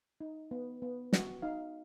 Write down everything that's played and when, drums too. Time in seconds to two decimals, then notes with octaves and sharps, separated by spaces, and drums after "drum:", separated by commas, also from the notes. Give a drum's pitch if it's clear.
0.21 D#4
0.51 B3
0.82 B3
1.13 F#4, drum: snare
1.42 D#4 F5